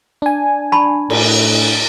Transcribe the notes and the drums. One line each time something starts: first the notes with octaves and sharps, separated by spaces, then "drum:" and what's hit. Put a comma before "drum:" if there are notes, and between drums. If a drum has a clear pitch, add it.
D4 G#5
A5 B5 C#6
A2, drum: cymbal